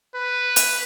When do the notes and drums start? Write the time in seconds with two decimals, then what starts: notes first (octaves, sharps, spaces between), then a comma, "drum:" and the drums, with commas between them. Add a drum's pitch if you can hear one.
0.15 B4
0.56 drum: hi-hat